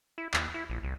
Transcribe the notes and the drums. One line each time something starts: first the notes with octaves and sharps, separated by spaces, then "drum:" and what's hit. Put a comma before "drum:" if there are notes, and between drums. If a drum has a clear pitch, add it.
E4
D#2, drum: clap
E4
A#1
C2